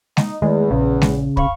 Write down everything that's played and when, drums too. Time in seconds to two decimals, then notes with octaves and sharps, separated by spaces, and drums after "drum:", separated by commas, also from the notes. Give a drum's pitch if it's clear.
0.17 D#4, drum: snare G#3
0.42 E2 D#3 G#3 A3
0.71 A#1 C#3
1.02 drum: snare G#3
1.37 F5 B5 C#6, drum: kick